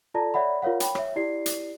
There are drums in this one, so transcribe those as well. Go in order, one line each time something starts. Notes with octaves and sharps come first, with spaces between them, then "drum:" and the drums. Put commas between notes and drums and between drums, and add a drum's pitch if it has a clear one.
F4 A4 D5 A5 A#5 A#6
C#5 D5 E5 F#5 B5
F4 A#4 C#5 F5 F#5
C#5 G5 B5, drum: hi-hat
C#5 E5, drum: rim click
E4 G4 D5 C7
drum: hi-hat